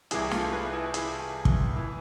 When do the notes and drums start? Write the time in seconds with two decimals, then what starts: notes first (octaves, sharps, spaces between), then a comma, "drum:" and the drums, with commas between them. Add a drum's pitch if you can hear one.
0.11 C2 C3 E3 E4 G#4, drum: hi-hat
0.31 F4 A4, drum: snare
0.52 G#4 B4
0.73 E4 G#4
0.94 E4 G#4, drum: hi-hat
1.45 drum: kick
1.76 E3